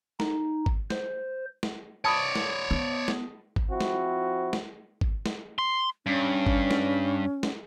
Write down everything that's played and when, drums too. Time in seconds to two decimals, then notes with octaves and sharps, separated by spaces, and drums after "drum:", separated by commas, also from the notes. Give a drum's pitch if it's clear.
0.20 D#4, drum: snare
0.66 drum: kick
0.90 C5, drum: snare
1.63 drum: snare
2.05 C#5 D5 A5 B5 D#6
2.35 drum: snare
2.71 B3
3.08 drum: snare
3.56 drum: kick
3.70 F3 C4 E4 F#4
3.81 drum: snare
4.53 drum: snare
5.01 drum: kick
5.26 drum: snare
5.58 C6
6.06 G2 C#4
6.46 drum: kick
6.71 drum: snare
7.43 drum: snare